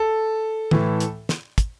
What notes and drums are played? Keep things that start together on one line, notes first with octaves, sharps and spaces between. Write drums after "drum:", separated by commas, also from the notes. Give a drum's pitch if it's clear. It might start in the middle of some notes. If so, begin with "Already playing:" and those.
Already playing: A4
A2 E3, drum: tom
drum: hi-hat
drum: snare
drum: kick, hi-hat